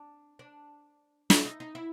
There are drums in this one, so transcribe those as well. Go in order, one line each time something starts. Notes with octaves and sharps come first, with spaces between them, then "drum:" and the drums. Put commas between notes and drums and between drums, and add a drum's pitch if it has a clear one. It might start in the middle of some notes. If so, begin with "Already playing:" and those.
Already playing: D4
D4
E4, drum: snare
D#4
D#4
E4